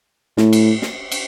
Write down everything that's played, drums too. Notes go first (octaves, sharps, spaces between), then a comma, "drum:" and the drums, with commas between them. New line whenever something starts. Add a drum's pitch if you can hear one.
A2, drum: snare
drum: cymbal
drum: snare
drum: cymbal